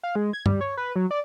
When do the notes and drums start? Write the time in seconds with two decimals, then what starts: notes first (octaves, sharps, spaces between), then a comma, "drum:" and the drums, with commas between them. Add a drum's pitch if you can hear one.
0.03 F5
0.15 G#3
0.33 G#6
0.46 G3, drum: tom G2
0.61 C#5
0.77 B4
0.96 F#3
1.11 D5